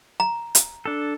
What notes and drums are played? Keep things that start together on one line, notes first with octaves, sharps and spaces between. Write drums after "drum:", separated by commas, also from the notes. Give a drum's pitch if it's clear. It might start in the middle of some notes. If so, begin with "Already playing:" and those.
A#5
drum: hi-hat
D4 A4